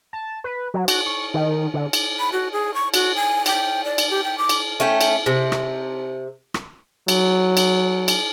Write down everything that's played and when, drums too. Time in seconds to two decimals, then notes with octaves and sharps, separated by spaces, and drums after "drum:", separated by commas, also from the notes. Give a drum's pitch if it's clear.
0.13 A5
0.44 B4
0.74 F#3
0.88 F#4, drum: cymbal
1.06 C#6
1.34 D#3
1.74 D3
1.93 drum: cymbal
2.19 B5
2.32 F#4
2.52 G#4
2.74 C#6
2.94 F#4, drum: cymbal
3.16 G#5
3.46 G5, drum: cymbal
3.84 D5
3.98 drum: cymbal
4.10 G4
4.24 G5
4.38 D6
4.49 drum: cymbal
4.80 A3 C#4 G5
5.01 drum: cymbal
5.26 C3
5.52 drum: rim click
6.54 drum: rim click
7.08 F#3, drum: cymbal
7.57 drum: cymbal
8.08 drum: cymbal